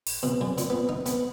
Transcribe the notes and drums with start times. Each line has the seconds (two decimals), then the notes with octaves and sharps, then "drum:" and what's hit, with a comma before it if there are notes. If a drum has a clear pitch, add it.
0.07 drum: open hi-hat
0.23 B2
0.41 F#2
0.58 A#2, drum: hi-hat
0.70 B3
0.89 D#4
1.06 B3, drum: hi-hat